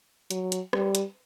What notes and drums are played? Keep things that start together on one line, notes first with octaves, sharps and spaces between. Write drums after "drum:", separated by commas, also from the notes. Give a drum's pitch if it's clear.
F#3, drum: hi-hat
drum: hi-hat
G3, drum: rim click
drum: hi-hat